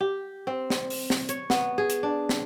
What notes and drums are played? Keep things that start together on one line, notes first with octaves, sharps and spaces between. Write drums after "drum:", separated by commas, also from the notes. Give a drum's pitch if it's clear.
G4
C4
drum: snare
drum: open hi-hat
drum: snare
C#5, drum: hi-hat
B3, drum: snare
G#4
drum: hi-hat
D4
drum: snare